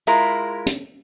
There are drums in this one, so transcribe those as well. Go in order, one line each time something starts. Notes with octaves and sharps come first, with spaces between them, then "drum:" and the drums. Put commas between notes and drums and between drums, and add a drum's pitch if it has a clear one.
G#3 E4 F4 A#4
drum: hi-hat